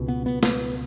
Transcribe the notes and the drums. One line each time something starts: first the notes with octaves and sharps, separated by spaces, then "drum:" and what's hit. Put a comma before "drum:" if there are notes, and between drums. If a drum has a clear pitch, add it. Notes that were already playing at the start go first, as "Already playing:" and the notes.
Already playing: C#2 B2
B3
B3
B3, drum: snare